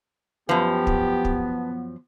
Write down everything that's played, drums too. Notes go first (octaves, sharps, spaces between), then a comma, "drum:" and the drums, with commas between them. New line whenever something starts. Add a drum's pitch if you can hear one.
F#2 F3 B3 G4 B4 A5 B5
drum: kick
drum: kick